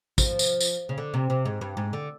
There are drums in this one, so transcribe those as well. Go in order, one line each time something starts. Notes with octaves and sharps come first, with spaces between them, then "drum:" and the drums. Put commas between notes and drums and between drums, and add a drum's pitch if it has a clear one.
F3, drum: kick, tambourine
drum: tambourine
drum: tambourine
C#3
D3
C3
C3
G#2
G2
G#2
D3